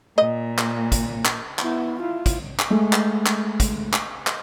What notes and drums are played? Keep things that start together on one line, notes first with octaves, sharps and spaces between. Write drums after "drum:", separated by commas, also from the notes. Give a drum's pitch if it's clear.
A#2 D#5
drum: clap
drum: kick, hi-hat
drum: clap
B3 E4, drum: clap
E4 F4
drum: kick, hi-hat
drum: clap
G#3 A3
drum: clap
drum: clap
drum: kick, hi-hat
drum: clap
drum: clap